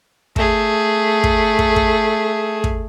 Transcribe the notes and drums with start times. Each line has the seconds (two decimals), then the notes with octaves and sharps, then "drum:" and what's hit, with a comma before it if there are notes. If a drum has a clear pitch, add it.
0.36 A3 G#4, drum: kick
1.24 drum: kick
1.59 drum: kick
1.76 drum: kick
2.64 drum: kick